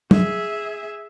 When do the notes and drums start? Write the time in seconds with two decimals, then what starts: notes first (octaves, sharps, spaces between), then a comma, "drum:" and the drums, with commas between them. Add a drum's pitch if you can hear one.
0.11 G#4 E5, drum: tom